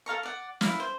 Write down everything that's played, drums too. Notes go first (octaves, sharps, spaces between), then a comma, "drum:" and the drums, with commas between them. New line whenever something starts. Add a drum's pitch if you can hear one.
A4 F5 A#5 C#6
D5 F#5
E4 F5, drum: snare
C5